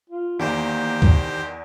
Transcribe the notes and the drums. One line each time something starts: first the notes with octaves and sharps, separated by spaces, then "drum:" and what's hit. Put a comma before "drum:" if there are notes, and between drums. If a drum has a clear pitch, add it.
F4
E2 D#3 A#3 G4 C5
drum: kick C#2